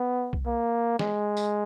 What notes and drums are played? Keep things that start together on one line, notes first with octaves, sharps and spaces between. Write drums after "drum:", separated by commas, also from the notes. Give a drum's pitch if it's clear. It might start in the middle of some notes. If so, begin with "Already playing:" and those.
Already playing: B3
drum: kick B1
A#3
G#3, drum: snare
drum: tambourine